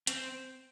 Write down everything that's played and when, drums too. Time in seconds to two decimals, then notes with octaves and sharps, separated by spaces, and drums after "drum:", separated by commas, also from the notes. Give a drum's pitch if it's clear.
0.07 C4, drum: hi-hat